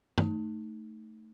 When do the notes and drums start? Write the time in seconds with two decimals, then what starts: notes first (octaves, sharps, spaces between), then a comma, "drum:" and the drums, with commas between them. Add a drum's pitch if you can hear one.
0.18 A3 D#4, drum: tom G2